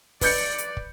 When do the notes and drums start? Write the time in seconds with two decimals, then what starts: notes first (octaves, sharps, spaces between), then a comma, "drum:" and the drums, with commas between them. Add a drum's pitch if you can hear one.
0.21 B4 D5 G6 C#7, drum: kick, open hi-hat
0.58 drum: hi-hat
0.77 drum: kick